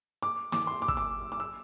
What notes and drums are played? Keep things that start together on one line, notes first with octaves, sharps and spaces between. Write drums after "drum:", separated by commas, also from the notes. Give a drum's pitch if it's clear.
D6
D6, drum: snare
C6
D6
E6, drum: kick
D6
D6
E6